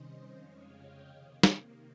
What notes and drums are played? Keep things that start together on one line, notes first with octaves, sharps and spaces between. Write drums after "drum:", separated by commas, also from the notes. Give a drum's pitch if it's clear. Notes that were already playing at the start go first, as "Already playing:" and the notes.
Already playing: C3 D#3 G3 C#4 C5 D#5
F2 C#3 G#3 C#4 C#5 F5
D#5 G5
C3 D#3 A#3
drum: snare